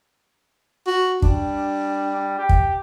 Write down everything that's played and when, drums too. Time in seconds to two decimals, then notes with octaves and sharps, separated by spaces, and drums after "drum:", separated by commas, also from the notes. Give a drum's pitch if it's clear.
0.87 F#4
1.22 G3 D4, drum: kick
2.39 G4
2.49 drum: kick